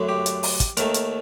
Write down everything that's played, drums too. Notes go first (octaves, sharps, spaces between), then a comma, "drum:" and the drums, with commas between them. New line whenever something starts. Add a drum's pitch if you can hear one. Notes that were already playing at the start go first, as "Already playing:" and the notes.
Already playing: F#2 D3 F#3 A3
G4
drum: hi-hat
drum: open hi-hat
drum: kick, hi-hat
D#2 D#3 A3 A#4, drum: hi-hat
drum: hi-hat